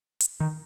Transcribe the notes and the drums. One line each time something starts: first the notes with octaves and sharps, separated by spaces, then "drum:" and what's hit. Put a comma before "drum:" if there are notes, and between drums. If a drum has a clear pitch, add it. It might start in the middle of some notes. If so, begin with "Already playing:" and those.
drum: hi-hat
D#3